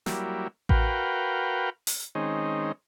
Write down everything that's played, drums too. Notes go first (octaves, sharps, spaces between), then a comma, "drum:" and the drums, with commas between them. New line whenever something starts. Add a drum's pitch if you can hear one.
F#3 G3 A#3 E4, drum: snare
F#4 A#4 B4 F5 G5, drum: kick A1
drum: open hi-hat
D#3 G#3 C4 C#4 D#4